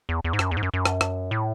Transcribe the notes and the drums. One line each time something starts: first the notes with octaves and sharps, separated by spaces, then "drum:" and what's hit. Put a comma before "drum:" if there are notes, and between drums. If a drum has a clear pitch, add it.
E2
E2
G#2
F#2, drum: rim click
E2
G#2
F#2
F#2
drum: rim click
drum: rim click
A2